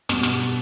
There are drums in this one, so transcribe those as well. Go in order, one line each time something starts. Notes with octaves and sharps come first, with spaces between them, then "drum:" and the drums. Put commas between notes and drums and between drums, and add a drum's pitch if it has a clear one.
G2 B2, drum: snare
drum: snare